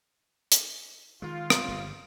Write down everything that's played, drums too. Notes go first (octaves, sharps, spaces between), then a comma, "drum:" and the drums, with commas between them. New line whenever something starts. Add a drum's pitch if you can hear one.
drum: hi-hat
D#3 G#3 F4
drum: rim click
G1 C3 G3